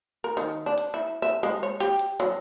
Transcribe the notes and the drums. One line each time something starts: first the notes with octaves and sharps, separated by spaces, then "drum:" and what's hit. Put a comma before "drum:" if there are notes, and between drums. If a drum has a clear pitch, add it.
A#4
D#3, drum: open hi-hat
D4
drum: hi-hat
E4
E5
G#3
C#5
G4, drum: hi-hat
drum: hi-hat
F#3, drum: hi-hat